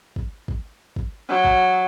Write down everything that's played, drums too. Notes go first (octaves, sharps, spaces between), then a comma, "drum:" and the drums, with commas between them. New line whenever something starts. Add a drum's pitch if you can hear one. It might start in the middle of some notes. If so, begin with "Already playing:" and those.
drum: kick
drum: kick
drum: kick
F#3
drum: kick